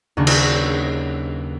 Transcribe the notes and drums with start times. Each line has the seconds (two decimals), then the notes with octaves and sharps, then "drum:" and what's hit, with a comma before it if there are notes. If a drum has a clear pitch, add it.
0.17 D#2 C#3 F#3 D4 C#6
0.27 drum: cymbal